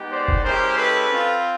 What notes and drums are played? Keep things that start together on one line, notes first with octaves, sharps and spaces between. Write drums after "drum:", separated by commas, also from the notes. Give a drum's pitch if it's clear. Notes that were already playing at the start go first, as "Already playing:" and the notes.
Already playing: G#3 B3 D#4 G4
C5 D5
drum: kick F1
G#3 C#4 E4 G4 A#4 C5
A4 B4
C4 F4